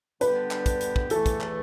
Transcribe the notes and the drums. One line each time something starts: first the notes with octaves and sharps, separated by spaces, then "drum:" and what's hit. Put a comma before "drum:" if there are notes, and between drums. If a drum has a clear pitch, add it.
D3 G3 B3 D4 G4 B4, drum: hi-hat
drum: clap
drum: kick, hi-hat
drum: hi-hat
drum: kick
E2 E3 A3 A4, drum: hi-hat
drum: kick, hi-hat
drum: clap